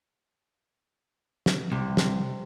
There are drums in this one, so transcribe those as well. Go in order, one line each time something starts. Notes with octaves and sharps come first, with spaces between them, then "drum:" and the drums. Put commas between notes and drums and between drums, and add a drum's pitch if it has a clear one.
drum: snare
C2 C3
drum: snare